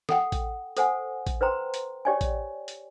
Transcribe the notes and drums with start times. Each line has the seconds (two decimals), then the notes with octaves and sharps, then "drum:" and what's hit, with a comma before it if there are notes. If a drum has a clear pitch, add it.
0.09 A4 F#5 G5, drum: snare
0.32 drum: kick A1, hi-hat
0.77 A4 C5 F#5 G#5, drum: hi-hat
1.27 drum: kick A1, hi-hat
1.41 B4 C5 G5 A#5 C6
1.74 drum: hi-hat
2.05 G4 C#5 D5 G5 G#5
2.21 drum: kick A1, hi-hat
2.68 drum: hi-hat